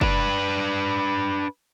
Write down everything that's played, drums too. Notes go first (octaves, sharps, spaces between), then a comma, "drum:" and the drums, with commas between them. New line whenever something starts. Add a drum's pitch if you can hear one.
D4 B4, drum: kick